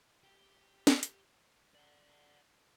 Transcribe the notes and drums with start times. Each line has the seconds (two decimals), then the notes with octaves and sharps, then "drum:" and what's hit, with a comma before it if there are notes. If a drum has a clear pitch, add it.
0.23 G4
0.87 drum: snare
1.03 drum: hi-hat
1.74 D5 F#5